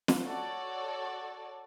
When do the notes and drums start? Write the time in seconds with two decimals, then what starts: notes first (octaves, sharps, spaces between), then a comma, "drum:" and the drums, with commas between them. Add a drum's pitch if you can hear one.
0.08 drum: snare
0.23 F#4 A4 C#5 D5